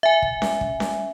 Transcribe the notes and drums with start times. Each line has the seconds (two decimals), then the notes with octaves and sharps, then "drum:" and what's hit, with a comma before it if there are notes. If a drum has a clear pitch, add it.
0.03 E5 G#5
0.22 drum: kick
0.42 drum: snare C#4
0.61 drum: kick
0.80 drum: snare C#4